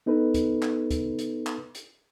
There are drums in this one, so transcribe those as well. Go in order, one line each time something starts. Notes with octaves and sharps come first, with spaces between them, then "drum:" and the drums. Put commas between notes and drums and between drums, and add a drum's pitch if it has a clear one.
B3 D#4 A4 B4
drum: kick, hi-hat
drum: clap
drum: kick, hi-hat
drum: hi-hat
drum: clap
drum: hi-hat